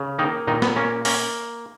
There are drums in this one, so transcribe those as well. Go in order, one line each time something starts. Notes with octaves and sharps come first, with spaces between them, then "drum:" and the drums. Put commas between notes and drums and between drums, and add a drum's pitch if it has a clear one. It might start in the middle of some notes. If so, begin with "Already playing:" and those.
Already playing: C#3
D#3 A#3 D#4
A#2 D#3 D#4
B3, drum: snare
A#3 C#4
A#3 C#4, drum: open hi-hat